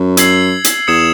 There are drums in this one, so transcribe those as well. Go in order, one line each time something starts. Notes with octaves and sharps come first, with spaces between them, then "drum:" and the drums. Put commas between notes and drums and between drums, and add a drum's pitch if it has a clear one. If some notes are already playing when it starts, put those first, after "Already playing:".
Already playing: F#2
E6 G#6 C7 F#7, drum: hi-hat
drum: hi-hat
E2 D#6 G#6 C#7 E7